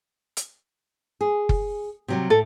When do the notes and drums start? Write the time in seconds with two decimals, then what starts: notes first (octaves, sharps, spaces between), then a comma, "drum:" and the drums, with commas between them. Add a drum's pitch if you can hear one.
0.37 drum: hi-hat
1.21 G#4
1.49 drum: kick F#1
2.08 C3 F#3 G3
2.30 A2 A4